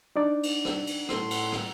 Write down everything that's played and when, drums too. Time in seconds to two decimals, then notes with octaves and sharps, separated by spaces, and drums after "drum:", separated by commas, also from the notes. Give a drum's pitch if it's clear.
0.16 D4 D#4 D5
0.43 drum: cymbal
0.65 drum: rim click
0.87 drum: cymbal
1.09 A2 A3 C6, drum: rim click
1.31 drum: cymbal
1.52 drum: rim click